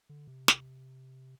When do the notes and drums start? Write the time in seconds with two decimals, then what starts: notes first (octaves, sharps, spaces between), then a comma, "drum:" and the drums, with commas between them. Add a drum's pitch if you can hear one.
0.09 D3
0.27 C3
0.48 drum: snare